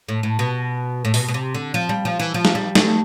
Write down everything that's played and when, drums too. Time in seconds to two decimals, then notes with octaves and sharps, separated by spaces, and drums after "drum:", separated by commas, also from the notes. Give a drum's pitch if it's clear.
0.09 A2
0.23 A2
0.39 B2
1.05 A2
1.14 B2, drum: open hi-hat
1.28 B2
1.34 C3
1.55 D3
1.74 F3
1.89 G3
2.05 F3
2.20 E3
2.34 F3
2.45 drum: snare
2.55 G3
2.75 A3, drum: snare